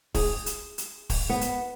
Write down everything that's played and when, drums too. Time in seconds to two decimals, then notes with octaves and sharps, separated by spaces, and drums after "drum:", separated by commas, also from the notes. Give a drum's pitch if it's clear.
0.15 G#4, drum: kick, open hi-hat
0.46 drum: hi-hat
0.78 drum: hi-hat
1.10 drum: kick, open hi-hat
1.29 B3
1.41 drum: hi-hat